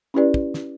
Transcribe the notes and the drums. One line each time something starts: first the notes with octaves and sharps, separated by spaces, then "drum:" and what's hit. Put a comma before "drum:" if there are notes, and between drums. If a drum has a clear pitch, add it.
C#4 E4 G4 B4 D5
drum: kick
drum: snare